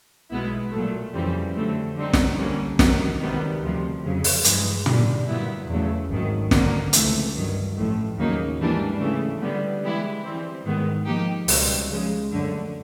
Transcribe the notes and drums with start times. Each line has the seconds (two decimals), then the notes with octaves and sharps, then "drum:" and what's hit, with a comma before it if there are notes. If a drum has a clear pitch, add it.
0.31 B1 B2 G#3 B3 E4
0.72 A#2 F#3 A3
1.13 F2 C#3 E3 G3 C4
1.55 F2 D3 F#3 A3 C4
1.96 D3 G3 C4 D#4
2.13 drum: snare
2.38 D3 G3 A#3 C#4
2.79 C3 D#3 F#3 A#3, drum: snare
3.20 C#2 C3 D#3 G3 B3
3.62 D2 C3 F3
4.03 F2 C#3 F#3
4.24 drum: open hi-hat
4.44 G2 E3 G#3, drum: hi-hat
4.86 F#2 D3 G3, drum: tom
5.27 A#2 F#3 B3 E4
5.68 E2 C#3 F#3 A3
6.10 G#1 F#2 D#3 F#3
6.51 D3 F3 A#3, drum: snare
6.93 C#2 C3 E3 A3, drum: hi-hat
7.34 G2 D#3 F#3
7.76 A1 A2 F3 A3
8.17 D#2 C#3 F#3 A#3 D#4
8.58 G#2 E3 G3 A#3 D4
9.00 C#3 E3 A3
9.41 D3 G3 B3
9.83 E3 G#3 B3 E4 G4
10.24 E3 G3 C4
10.65 G#2 D#3 G#3 B3
11.06 F3 A#3 D#4 G4
11.48 C#2 B2 G3 C4 D#4, drum: open hi-hat
11.89 C#3 F3 G#3
12.31 F#2 D3 F#3 A3